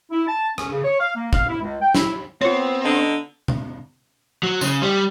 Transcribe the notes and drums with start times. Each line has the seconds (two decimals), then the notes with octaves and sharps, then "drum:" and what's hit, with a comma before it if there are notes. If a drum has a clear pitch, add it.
0.11 E4
0.27 A5
0.58 C#4, drum: rim click
0.71 C#3
0.84 C#5
1.00 F5
1.16 A#3
1.33 F5, drum: kick
1.49 E4
1.61 C#2
1.82 G5
1.95 E4, drum: snare
2.41 B3 C4 F4 C#5
2.84 D3 D#4
3.48 drum: tom C3
4.43 F#3
4.61 C#3, drum: tambourine
4.82 G3